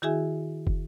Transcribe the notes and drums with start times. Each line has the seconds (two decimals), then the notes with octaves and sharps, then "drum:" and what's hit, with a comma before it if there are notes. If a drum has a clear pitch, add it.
0.02 D#3 E4 F#4 G#4 E5 G#5
0.67 drum: kick